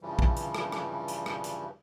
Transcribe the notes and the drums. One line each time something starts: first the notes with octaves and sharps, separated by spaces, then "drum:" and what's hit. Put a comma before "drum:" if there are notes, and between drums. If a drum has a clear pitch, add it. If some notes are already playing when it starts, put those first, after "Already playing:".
G2 C#3 E3 F3 G3
drum: kick
drum: hi-hat
drum: rim click
drum: rim click
drum: hi-hat
drum: rim click
drum: hi-hat